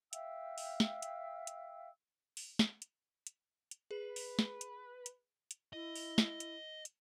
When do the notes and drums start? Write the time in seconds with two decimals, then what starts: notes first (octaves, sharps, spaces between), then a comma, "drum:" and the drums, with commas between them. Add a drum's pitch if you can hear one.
0.13 E5 F5 G5 E6, drum: hi-hat
0.58 drum: open hi-hat
0.80 drum: snare
1.02 drum: hi-hat
1.47 drum: hi-hat
2.37 drum: open hi-hat
2.59 drum: snare
2.82 drum: hi-hat
3.27 drum: hi-hat
3.71 drum: hi-hat
3.91 G#4 B4
4.16 drum: open hi-hat
4.39 drum: snare
4.61 drum: hi-hat
5.06 drum: hi-hat
5.51 drum: hi-hat
5.73 E4 D#5
5.96 drum: open hi-hat
6.18 drum: snare
6.40 drum: hi-hat
6.85 drum: hi-hat